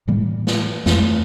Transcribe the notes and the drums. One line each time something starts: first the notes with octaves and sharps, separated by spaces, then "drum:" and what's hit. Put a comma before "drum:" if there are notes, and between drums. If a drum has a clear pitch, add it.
A2 E3 G3 A#3
drum: snare
F2 E3 A3, drum: snare